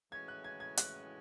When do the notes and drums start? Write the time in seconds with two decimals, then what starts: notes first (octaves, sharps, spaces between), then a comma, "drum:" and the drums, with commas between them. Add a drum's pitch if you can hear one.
0.12 A2 E3 G#3 C#4 F#4 G#6
0.28 F#6
0.44 G#6
0.60 G#6
0.77 F#6, drum: hi-hat